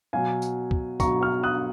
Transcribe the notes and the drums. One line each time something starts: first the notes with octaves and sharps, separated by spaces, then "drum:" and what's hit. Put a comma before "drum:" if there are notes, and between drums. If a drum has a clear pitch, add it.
B2 F#3 F5 G#5
drum: tambourine
drum: kick
B2 F#3 A#5 C#6, drum: kick, tambourine
C#6 F6
D#6 F#6